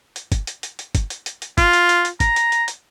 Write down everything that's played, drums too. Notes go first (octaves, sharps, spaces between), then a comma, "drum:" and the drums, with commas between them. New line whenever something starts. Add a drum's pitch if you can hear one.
drum: hi-hat
drum: kick, hi-hat
drum: hi-hat
drum: hi-hat
drum: hi-hat
drum: kick, hi-hat
drum: hi-hat
drum: hi-hat
drum: hi-hat
F4, drum: kick, hi-hat
drum: hi-hat
drum: hi-hat
drum: hi-hat
A#5, drum: kick, hi-hat
drum: hi-hat
drum: hi-hat
drum: hi-hat